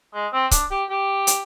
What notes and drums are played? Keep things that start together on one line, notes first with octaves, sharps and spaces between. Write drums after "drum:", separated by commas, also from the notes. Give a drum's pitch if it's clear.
G#3
C4
D4, drum: kick C#1, hi-hat
G4
G4
drum: hi-hat